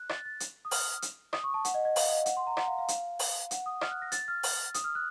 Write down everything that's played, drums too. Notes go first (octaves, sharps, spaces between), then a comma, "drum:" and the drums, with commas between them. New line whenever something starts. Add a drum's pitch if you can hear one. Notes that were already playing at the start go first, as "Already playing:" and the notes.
Already playing: F#6
A6, drum: rim click
A6
drum: hi-hat
D#6
F6, drum: open hi-hat
drum: hi-hat
D#6, drum: rim click
C#6
A5
F#5, drum: hi-hat
D#5
D#5
F5, drum: open hi-hat
D#5
F#5, drum: hi-hat
C6
A#5
F#5, drum: rim click
F5
F5
F5, drum: hi-hat
drum: open hi-hat
F#5, drum: hi-hat
D#6
F6, drum: rim click
F#6
A#6
A6, drum: hi-hat
F6
drum: open hi-hat
D#6, drum: hi-hat
F6
F#6